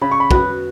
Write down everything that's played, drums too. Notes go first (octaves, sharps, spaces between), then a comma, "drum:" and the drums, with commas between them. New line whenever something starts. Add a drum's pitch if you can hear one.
C#3 B5
C#6
B5
B3 F#4, drum: kick